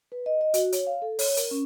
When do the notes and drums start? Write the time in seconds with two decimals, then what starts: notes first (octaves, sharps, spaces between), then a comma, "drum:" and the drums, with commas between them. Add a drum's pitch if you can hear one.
0.12 B4
0.26 D#5
0.41 D#5
0.54 F#4, drum: hi-hat
0.72 C#5, drum: hi-hat
0.87 F5
1.02 A4
1.19 C#5, drum: open hi-hat
1.37 A#4, drum: hi-hat
1.51 C#4